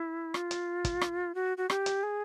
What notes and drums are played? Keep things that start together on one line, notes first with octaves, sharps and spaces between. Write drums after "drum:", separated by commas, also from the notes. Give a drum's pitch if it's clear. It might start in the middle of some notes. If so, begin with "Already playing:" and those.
Already playing: E4
F4, drum: rim click
drum: hi-hat
drum: kick, hi-hat
drum: rim click
F#4
F#4
G4, drum: rim click
drum: hi-hat
G#4